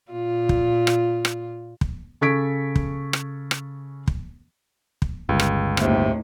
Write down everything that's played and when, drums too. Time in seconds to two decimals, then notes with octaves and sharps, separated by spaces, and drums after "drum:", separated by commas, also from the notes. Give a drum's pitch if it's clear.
0.12 A#2 F4
0.49 drum: kick
0.87 drum: rim click
1.25 drum: rim click
1.81 drum: kick
2.21 C#3 A4 C#6 G#6 B6 D7
2.76 drum: kick
3.13 drum: rim click
3.51 drum: rim click
4.08 drum: kick
5.02 drum: kick
5.29 G1 C#2
5.40 drum: rim click
5.77 D#2 A2 C3, drum: rim click